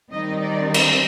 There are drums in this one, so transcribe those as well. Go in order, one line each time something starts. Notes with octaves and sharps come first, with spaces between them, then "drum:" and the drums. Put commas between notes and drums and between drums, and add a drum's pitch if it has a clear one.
D#3 G3 C4 D#4 D#5
D5
C5, drum: cymbal